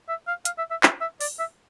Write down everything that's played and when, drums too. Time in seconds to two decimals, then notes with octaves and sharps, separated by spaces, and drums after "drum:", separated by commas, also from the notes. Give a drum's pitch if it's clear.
0.09 E5
0.28 F5
0.45 F5, drum: hi-hat
0.58 E5
0.71 E5
0.83 E5, drum: clap
1.01 E5
1.21 D5, drum: open hi-hat
1.39 E5